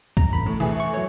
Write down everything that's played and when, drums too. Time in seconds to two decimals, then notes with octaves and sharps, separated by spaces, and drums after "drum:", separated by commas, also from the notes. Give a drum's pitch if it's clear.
0.17 A#5, drum: kick
0.33 A1 B5
0.46 A2
0.60 E3 A3 G#4
0.80 C#6
0.94 F#3 C#5